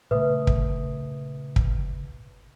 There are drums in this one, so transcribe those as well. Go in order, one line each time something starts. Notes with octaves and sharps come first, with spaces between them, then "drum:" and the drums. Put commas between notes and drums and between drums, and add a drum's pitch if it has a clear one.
A#2 C#3 A3 B4 E5 D#6
drum: kick
drum: kick